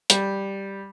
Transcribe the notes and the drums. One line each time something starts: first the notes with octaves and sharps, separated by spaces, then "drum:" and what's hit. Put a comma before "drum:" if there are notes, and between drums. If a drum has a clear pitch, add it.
G3, drum: hi-hat